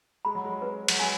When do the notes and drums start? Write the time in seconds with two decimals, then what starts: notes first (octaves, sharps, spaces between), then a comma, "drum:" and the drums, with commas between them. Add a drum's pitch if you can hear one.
0.25 G#3 B5
0.35 F#3
0.45 G#3
0.62 B4
0.88 F#3, drum: cymbal
1.00 G#3 G#5